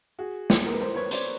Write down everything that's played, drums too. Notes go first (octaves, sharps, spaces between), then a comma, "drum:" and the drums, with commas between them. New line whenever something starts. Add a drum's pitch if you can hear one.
F#4 G#4
drum: snare
A#4
B4
A#4 C5
B4 C#5
C5 D5, drum: hi-hat